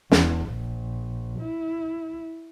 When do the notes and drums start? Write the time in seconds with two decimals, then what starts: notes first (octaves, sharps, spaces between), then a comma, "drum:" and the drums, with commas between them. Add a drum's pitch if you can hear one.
0.11 E2, drum: snare
0.50 A#1
1.40 E4